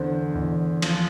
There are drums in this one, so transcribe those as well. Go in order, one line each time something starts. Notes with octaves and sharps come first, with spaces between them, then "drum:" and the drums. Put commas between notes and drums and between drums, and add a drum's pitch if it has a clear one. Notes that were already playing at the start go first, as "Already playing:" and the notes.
Already playing: E2 D3 C5
E2
F3, drum: cymbal